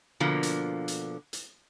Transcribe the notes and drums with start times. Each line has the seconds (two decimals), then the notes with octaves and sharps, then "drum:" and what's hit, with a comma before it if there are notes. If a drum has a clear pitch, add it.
0.20 B2 D3 F3 A#3
0.43 drum: hi-hat
0.88 drum: hi-hat
1.33 drum: hi-hat